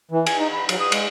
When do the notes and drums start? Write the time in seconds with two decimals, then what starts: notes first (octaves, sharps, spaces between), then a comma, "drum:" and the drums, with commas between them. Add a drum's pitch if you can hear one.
0.11 E3
0.27 G#5, drum: cymbal
0.39 D#4
0.53 B5
0.69 F#3, drum: cymbal
0.80 D#6
0.92 G#3, drum: cymbal